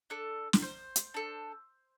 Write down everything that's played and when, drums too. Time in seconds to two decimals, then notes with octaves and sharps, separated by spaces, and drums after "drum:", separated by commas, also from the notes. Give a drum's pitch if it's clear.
0.10 D4 A4
0.53 drum: snare
0.62 C5
0.96 drum: hi-hat
1.14 D4 A4